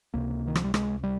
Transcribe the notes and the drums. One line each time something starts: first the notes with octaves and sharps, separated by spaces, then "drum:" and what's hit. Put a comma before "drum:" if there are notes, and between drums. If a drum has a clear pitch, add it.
C#2 C3 A#3
D#3
F3, drum: rim click
G3
G#3, drum: rim click
G3